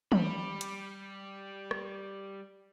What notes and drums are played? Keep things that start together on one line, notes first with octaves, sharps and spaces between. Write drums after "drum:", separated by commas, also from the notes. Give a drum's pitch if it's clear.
G3 B5, drum: tom
drum: hi-hat
drum: rim click